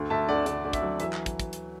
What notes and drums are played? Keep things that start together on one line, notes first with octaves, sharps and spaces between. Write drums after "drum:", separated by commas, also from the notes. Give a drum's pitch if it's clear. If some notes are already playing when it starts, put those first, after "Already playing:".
Already playing: D2
D2 E5 A5
D2 D5 F#5
D2 D5, drum: hi-hat
D2 D5
E5, drum: kick, hi-hat
F#3
E3 E5, drum: hi-hat
drum: clap
drum: kick, hi-hat
drum: kick, hi-hat
drum: hi-hat